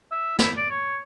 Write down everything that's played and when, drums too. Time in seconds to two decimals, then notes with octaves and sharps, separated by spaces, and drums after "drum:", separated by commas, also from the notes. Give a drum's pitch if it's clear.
0.12 E5
0.39 E4, drum: snare
0.57 D5
0.70 C#5